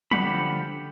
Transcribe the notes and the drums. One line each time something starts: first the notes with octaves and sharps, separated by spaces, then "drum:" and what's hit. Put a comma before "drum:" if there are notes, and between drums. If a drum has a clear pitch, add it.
D3 F3 G4 F#5 B5, drum: tom